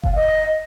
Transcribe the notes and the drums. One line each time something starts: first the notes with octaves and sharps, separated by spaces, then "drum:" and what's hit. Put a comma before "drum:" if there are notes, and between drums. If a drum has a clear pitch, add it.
F5, drum: kick F#1
D#5